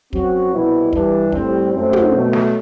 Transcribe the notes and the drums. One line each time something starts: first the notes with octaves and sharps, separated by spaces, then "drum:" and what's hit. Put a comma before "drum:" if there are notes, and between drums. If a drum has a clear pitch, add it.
F#2 F#3 C4 F#4, drum: kick
C2 B2 G3 B3 E4
G2 E3 G3 D4, drum: kick
A2 G3 C4, drum: kick
F#2 F#3 A3 C4
drum: tom
B2 F#3 A3
drum: snare